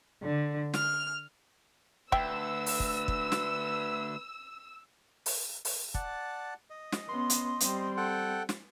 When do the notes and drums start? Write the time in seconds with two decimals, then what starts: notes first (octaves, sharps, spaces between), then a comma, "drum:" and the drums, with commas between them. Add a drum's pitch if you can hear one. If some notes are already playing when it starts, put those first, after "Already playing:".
0.22 D3
0.74 F6, drum: snare
2.12 D2 B4 E5 G5 E6, drum: kick
2.66 drum: open hi-hat
2.80 drum: kick
3.08 drum: kick
3.32 drum: snare
5.26 drum: open hi-hat
5.65 drum: open hi-hat
5.94 D5 F#5 A5, drum: kick
6.70 D#5
6.93 drum: snare
7.09 B3 C#4 C6
7.30 drum: hi-hat
7.60 G3 C4, drum: hi-hat
7.97 A4 F#5 G5
8.49 drum: snare